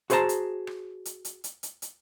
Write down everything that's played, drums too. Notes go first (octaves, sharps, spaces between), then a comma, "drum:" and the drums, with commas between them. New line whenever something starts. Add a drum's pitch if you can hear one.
F#4 G#4 C5 D5 A5 A#5, drum: hi-hat
drum: hi-hat
drum: rim click
drum: hi-hat
drum: hi-hat
drum: hi-hat
drum: hi-hat
drum: hi-hat